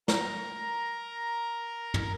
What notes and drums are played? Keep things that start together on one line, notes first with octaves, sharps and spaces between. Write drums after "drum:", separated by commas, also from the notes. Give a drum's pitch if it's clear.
A#4 A#5, drum: snare
drum: tom